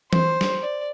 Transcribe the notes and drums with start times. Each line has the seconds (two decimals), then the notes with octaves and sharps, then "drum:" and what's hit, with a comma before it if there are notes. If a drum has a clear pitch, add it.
0.13 C5, drum: tom E3
0.41 drum: snare
0.62 D5